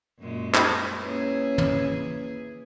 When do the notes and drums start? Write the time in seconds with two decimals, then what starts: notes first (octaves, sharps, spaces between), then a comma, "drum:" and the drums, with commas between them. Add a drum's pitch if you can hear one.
0.19 F#2 A#2 G#3
0.54 drum: clap
1.01 A#3 C#4 E4 G#4 B4
1.58 drum: tom